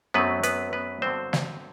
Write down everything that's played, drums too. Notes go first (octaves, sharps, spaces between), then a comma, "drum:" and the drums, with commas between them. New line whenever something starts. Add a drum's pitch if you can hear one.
F#2 F#3 A3 B3 C4 B4
B3 B4, drum: hi-hat
B3 B4
G2 D3 F#3 B3 C4 C5
drum: snare